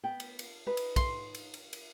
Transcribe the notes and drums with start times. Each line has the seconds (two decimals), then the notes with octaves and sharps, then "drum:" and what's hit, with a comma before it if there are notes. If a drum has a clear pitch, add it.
0.04 B3 G5
0.20 drum: cymbal
0.39 drum: cymbal
0.67 D#4 B4
0.77 drum: cymbal
0.96 C6, drum: kick, cymbal
1.35 drum: cymbal
1.54 drum: cymbal
1.73 drum: cymbal